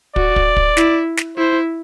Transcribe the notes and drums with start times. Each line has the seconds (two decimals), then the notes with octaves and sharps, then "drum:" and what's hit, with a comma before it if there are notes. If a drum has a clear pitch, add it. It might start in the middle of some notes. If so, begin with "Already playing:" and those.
0.16 F#4 D5, drum: kick
0.36 drum: kick
0.56 drum: kick
0.77 E4, drum: snare
1.17 drum: snare
1.38 E4 C5